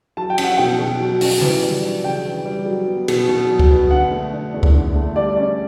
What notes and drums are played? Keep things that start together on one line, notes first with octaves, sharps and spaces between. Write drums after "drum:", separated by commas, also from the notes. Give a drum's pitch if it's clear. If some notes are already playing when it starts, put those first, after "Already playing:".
F#3 A5
G5
C#4, drum: cymbal
F#5
B2 G5
B2
F#3
C#4, drum: open hi-hat
E3, drum: tom C#3
G3
D4
C#3 G5
E3
G3
F#3
B3
B2, drum: cymbal
B2
F#3
drum: kick C#2
B3
D3 F#5
A3
D4
E2
drum: kick C#2
D3
A3
G3 D5
C#4